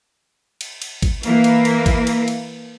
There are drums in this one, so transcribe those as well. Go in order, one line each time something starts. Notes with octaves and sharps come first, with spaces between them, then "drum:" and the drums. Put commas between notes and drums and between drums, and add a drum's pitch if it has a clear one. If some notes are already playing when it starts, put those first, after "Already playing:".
drum: cymbal
drum: cymbal
drum: kick G#1, cymbal
E3 A#3, drum: cymbal
drum: cymbal
drum: cymbal
drum: kick G#1, cymbal
drum: cymbal
drum: cymbal